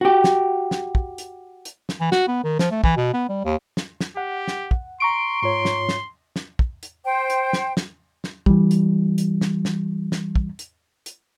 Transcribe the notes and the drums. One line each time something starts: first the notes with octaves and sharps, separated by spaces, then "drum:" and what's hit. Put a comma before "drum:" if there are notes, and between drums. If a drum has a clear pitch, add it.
F#4 G4
drum: snare
drum: snare
drum: kick
drum: hi-hat
drum: hi-hat
drum: snare
E3
F#4, drum: snare
B3
D#3
F3, drum: snare
A3
E3, drum: kick
B2
B3
G3
D#2
drum: snare
drum: snare
G4 F#5
drum: snare
drum: kick
A#5 C6 C#6 D7
G#2 F4 C#5 C6
drum: snare
drum: snare
drum: snare
drum: kick
drum: hi-hat
C5 G5
drum: hi-hat
drum: snare
drum: snare
drum: snare
E3 G3, drum: kick
drum: hi-hat
drum: hi-hat
drum: snare
drum: snare
drum: snare
drum: kick
drum: hi-hat
drum: hi-hat